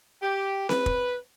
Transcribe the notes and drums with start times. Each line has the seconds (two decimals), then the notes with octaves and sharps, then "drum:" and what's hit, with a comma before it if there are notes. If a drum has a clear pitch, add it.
0.22 G4
0.69 B4, drum: snare C4
0.86 drum: kick